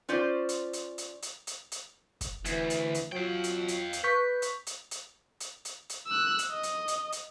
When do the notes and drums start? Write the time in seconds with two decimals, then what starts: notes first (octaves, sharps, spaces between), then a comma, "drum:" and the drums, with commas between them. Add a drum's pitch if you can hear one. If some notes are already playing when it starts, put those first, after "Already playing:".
0.09 C#4 F4 C5 D5
0.49 drum: hi-hat
0.73 drum: hi-hat
0.98 drum: hi-hat
1.22 drum: hi-hat
1.47 drum: hi-hat
1.72 drum: hi-hat
2.21 drum: kick, hi-hat
2.45 D2 E3, drum: hi-hat
2.70 drum: hi-hat
2.94 drum: hi-hat
3.12 F#3 F4 F5 G5
3.44 drum: hi-hat
3.68 drum: hi-hat
3.93 drum: hi-hat
4.04 B4 C#6 G6 B6
4.42 drum: hi-hat
4.67 drum: hi-hat
4.91 drum: hi-hat
5.40 drum: hi-hat
5.65 drum: hi-hat
5.89 drum: hi-hat
6.07 E6 F#6
6.39 drum: hi-hat
6.51 D#5
6.63 drum: hi-hat
6.88 drum: hi-hat
7.12 drum: hi-hat